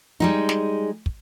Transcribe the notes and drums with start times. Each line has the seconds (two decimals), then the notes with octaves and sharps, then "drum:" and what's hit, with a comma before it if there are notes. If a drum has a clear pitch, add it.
0.20 G3 G#3 D#4
0.49 drum: snare
1.06 drum: kick